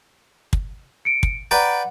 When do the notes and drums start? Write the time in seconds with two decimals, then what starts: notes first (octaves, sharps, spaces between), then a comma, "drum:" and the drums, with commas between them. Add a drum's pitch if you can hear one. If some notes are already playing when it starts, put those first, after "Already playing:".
0.53 drum: kick
1.05 C#7 D7
1.23 drum: kick
1.51 B4 D5 F#5 G5 A#5